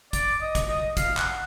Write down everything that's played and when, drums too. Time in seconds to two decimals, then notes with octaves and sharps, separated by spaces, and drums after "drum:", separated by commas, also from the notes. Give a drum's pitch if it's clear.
0.13 D5, drum: kick, hi-hat
0.41 D#5
0.55 drum: kick, hi-hat
0.69 D#5
0.97 F5, drum: kick, hi-hat
1.17 F#5, drum: clap